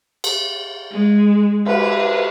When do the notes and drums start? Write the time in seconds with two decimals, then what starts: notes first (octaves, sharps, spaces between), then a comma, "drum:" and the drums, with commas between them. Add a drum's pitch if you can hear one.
0.24 drum: cymbal
0.91 G#3
1.66 B4, drum: cymbal